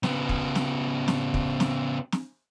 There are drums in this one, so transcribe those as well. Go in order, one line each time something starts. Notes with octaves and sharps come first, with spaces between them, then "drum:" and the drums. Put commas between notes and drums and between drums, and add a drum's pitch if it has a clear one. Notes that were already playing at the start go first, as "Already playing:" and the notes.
C#3 B3, drum: snare
drum: kick
drum: snare
drum: snare
drum: kick
drum: snare
drum: snare